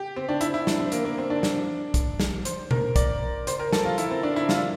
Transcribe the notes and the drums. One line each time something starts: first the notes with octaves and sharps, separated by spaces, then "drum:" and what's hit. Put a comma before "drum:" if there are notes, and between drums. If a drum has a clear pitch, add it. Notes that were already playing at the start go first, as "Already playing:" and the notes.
Already playing: G4
C4
D4
E4, drum: hi-hat
E4
D4, drum: snare
C4
A#3, drum: hi-hat
A#3
C4
D4
drum: snare
drum: kick B1, hi-hat
drum: snare
C5, drum: hi-hat
A#4, drum: tom B2
D5, drum: kick B1, hi-hat
C5, drum: hi-hat
A#4
A4, drum: snare
F4
E4, drum: hi-hat
C4
D4
E4
F4, drum: snare